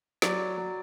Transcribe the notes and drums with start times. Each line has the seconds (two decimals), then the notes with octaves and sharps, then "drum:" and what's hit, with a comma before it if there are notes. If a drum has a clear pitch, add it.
0.22 F#3 D5, drum: snare
0.57 F#3